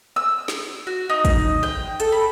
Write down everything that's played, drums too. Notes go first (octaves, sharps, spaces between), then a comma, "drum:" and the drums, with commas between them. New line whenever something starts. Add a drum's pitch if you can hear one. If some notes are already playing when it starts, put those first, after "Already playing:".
E6
drum: snare
F#4
D#4
drum: kick, hi-hat
G5
A4, drum: hi-hat
B5